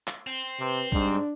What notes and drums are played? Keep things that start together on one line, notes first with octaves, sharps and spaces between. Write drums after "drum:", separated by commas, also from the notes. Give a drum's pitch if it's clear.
drum: clap
C4
C3 B4
G#2 G3 D4, drum: kick